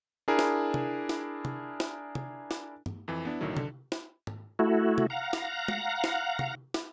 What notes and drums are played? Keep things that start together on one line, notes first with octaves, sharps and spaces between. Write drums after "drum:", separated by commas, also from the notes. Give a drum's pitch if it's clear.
D4 E4 G#4 A#4
drum: snare
drum: tom C3
drum: snare
drum: tom C3
drum: snare
drum: tom C3
drum: snare
drum: tom
F2 E3
B3 D4 E4
B1 A2 D3 D#3 F#3
D3, drum: tom C3
drum: snare
drum: tom G#2
A3 E4 F#4
drum: tom C3
F5 F#5 A#5
drum: snare
drum: tom
drum: snare
drum: tom C3
drum: snare